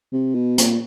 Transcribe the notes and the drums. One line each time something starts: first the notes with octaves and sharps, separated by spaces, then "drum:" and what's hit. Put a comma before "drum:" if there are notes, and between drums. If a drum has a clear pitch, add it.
C3
B2
A#2, drum: hi-hat